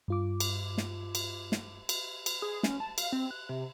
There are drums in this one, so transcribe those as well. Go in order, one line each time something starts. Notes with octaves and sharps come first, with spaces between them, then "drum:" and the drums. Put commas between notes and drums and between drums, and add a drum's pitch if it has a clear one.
G2 F4 D6
drum: cymbal
drum: snare
drum: cymbal
drum: snare
drum: cymbal
drum: cymbal
G#4
C#4, drum: snare
A5
F5, drum: cymbal
C4
F#6
C3